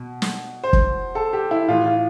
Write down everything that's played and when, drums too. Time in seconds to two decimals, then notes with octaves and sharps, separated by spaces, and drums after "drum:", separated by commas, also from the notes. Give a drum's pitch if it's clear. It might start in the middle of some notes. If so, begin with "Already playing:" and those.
Already playing: B2
0.22 drum: snare
0.64 C5
0.73 drum: kick
1.15 A4
1.33 G4
1.51 E4
1.68 A2 E3 F4
1.86 F4